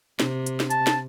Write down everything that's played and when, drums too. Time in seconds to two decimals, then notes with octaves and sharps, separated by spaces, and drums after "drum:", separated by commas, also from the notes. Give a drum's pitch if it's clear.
0.20 C3, drum: snare
0.46 drum: hi-hat
0.60 drum: snare
0.70 A5, drum: hi-hat
0.87 drum: snare